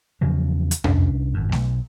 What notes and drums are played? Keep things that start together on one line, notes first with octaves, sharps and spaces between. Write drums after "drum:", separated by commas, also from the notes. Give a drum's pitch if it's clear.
E2 C#3 F3 F#3
drum: hi-hat
C2 C#4 D4, drum: tom F2
G#1 F#2
B1, drum: snare A3